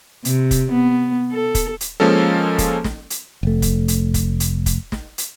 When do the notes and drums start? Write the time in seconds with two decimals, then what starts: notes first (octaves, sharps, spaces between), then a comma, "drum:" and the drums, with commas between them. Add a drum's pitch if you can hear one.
0.25 C3, drum: hi-hat
0.51 drum: kick, hi-hat
0.71 B3
1.32 A4
1.55 drum: kick, hi-hat
1.81 drum: hi-hat
2.00 F3 G#3 A#3 C#4 A4
2.58 drum: kick, hi-hat
2.84 drum: snare
3.10 drum: hi-hat
3.43 F1 A3
3.62 drum: kick, hi-hat
3.88 drum: hi-hat
4.14 drum: kick, hi-hat
4.40 drum: hi-hat
4.66 drum: kick, hi-hat
4.92 drum: snare
5.18 drum: hi-hat